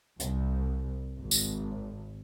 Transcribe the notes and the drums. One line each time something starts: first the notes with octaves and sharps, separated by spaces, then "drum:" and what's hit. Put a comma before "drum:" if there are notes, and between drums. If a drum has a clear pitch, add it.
C2, drum: hi-hat
G#1
drum: tambourine